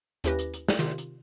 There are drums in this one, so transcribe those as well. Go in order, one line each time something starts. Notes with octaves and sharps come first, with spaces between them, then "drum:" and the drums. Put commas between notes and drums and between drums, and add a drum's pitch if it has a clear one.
D#2 C#4 E4 G4 B4 A#6, drum: hi-hat
drum: hi-hat
drum: hi-hat
drum: snare
C3 D#3 F4
drum: hi-hat